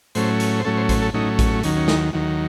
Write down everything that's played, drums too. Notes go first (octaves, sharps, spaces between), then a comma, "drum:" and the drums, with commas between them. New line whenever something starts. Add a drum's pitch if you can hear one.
A2 F#3 A3 C#4 C5, drum: hi-hat
drum: hi-hat
C5
A2 F#3 A3 C#4 A4
C5
C5, drum: kick A1, hi-hat
A4
A2 F#3 A3 C#4 D#4
drum: kick A1, hi-hat
D#2 D#3 F#3 C#4, drum: hi-hat
C#4
D#4, drum: snare
D#2 D#3 F#3